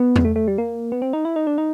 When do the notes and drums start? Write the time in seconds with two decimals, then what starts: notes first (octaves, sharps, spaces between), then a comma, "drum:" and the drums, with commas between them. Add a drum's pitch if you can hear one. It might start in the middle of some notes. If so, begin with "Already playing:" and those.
Already playing: B3
0.16 drum: tom E2
0.25 A3
0.36 A3
0.48 G3
0.58 A#3
0.92 B3
1.02 C4
1.13 D#4
1.25 E4
1.36 D#4
1.47 D4
1.58 D#4